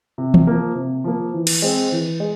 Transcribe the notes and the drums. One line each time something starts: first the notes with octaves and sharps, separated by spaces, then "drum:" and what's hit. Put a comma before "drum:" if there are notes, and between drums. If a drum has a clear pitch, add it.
C3
drum: tom
F3 A#3
C3
F3 A#3
E3
drum: cymbal
G#3 C4
E3
G#3